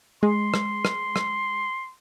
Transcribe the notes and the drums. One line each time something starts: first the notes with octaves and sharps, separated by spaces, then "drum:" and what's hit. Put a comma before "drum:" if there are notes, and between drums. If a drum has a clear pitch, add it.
G#3 C6
drum: rim click
drum: rim click
drum: rim click